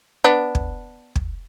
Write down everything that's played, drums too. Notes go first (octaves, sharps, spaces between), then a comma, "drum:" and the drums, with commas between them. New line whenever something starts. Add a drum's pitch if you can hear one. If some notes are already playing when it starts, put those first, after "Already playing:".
B3 D4
drum: kick
drum: kick